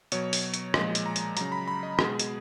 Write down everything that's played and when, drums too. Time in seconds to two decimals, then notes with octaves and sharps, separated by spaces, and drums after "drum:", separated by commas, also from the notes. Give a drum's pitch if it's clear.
0.12 B2 F#3 C#5, drum: hi-hat
0.33 drum: open hi-hat
0.54 drum: hi-hat
0.74 A#2 F3 G#3 D#5, drum: rim click
0.95 drum: hi-hat
1.06 A#5
1.16 drum: hi-hat
1.37 C#3 F#3 A#5, drum: hi-hat
1.52 B5
1.68 B5
1.83 D#5
1.99 B2 G#3 G#4, drum: rim click
2.19 drum: hi-hat